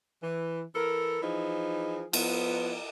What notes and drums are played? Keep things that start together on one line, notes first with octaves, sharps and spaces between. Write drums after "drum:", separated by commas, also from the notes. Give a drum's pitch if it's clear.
E3
E3 A4 A#4
E3 F3 D#4 G#4
F3 B3, drum: cymbal